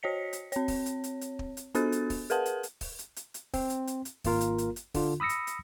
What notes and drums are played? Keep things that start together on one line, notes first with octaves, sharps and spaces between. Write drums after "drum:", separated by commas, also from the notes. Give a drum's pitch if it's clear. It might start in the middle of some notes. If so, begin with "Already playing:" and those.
F#4 C#5 D#5 B6 C#7
drum: hi-hat
C4 C#5, drum: hi-hat
drum: kick, open hi-hat
drum: hi-hat
drum: hi-hat
drum: hi-hat
drum: kick
drum: hi-hat
B3 D4 F#4 A4 A6, drum: hi-hat
drum: hi-hat
drum: kick, open hi-hat
G#4 A#4 B4 F#5 A5, drum: hi-hat
drum: hi-hat
drum: hi-hat
drum: kick, open hi-hat
drum: hi-hat
drum: hi-hat
drum: hi-hat
C4, drum: kick, open hi-hat
drum: hi-hat
drum: hi-hat
drum: hi-hat
G#1 A#3 F4 A#4, drum: kick, open hi-hat
drum: hi-hat
drum: hi-hat
drum: hi-hat
D3 D4 F4, drum: kick, open hi-hat
B5 D#6 E6 A#6 C#7
drum: hi-hat
drum: hi-hat